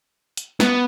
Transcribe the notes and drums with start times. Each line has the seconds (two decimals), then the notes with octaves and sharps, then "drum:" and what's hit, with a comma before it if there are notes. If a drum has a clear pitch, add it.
0.37 drum: hi-hat
0.60 B3, drum: snare